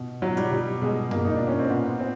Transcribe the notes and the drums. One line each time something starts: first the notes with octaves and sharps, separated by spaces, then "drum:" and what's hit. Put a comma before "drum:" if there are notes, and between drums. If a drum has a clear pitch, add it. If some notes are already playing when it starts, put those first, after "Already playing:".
Already playing: B2
B2 F#3
G3, drum: hi-hat
B2 G3
B2 G#3
B2 A#3, drum: tom F#2
D#4
B2 D4
C#4
C4
A#2 B3
A#2 C4